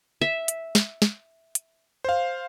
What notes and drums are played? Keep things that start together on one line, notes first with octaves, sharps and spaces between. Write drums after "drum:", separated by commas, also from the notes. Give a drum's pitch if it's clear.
E5
drum: hi-hat
drum: snare
drum: snare
drum: hi-hat
C5 F5